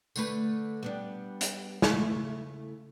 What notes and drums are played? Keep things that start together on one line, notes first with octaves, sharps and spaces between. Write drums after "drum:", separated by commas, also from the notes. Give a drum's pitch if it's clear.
D3 A3 B4, drum: tambourine
G3 B3 D4
drum: hi-hat
C#3 A3 E4, drum: snare